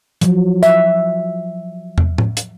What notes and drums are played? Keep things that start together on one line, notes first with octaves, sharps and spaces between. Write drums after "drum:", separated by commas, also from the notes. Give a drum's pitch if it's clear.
F3 F#3, drum: hi-hat
E5, drum: tambourine
drum: tom
drum: tom A2
drum: hi-hat